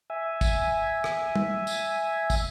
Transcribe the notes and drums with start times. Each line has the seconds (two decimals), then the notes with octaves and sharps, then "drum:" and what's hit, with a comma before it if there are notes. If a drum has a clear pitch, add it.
0.10 E5 G#5
0.41 drum: kick, tambourine
1.04 drum: rim click
1.36 drum: tom
1.67 drum: tambourine
2.30 drum: kick, tambourine